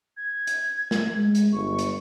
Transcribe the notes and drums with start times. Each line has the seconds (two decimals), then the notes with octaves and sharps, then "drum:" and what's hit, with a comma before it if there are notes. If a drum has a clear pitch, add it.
0.17 G#6
0.47 drum: hi-hat
0.91 drum: snare
1.13 G#3
1.35 drum: hi-hat
1.52 G1 C#6
1.79 drum: hi-hat